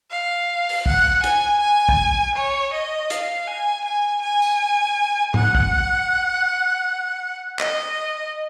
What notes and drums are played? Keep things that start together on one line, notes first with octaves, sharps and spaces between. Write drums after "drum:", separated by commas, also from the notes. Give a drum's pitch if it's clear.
F5
drum: open hi-hat
F#5, drum: kick
G#5, drum: hi-hat
G#5
drum: kick
C#5
D#5
F5, drum: hi-hat
G#5
G#5
G#5
drum: tambourine
F#5, drum: tom G#2
drum: kick
D#5, drum: clap